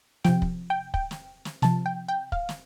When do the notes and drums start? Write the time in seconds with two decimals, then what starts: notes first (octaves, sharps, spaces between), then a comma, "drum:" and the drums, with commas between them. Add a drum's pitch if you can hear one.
0.24 C3 F3 G5, drum: snare
0.42 drum: kick
0.70 G5
0.94 G5, drum: kick
1.11 drum: snare
1.45 drum: snare
1.62 C3 F3 A5, drum: snare
1.86 G5
2.08 G5
2.32 F5, drum: kick
2.49 drum: snare